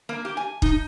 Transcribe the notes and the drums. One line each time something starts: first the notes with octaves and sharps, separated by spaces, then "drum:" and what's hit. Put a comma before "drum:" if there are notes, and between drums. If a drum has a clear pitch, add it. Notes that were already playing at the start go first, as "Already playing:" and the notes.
A#3
G4
G#5
D#4, drum: kick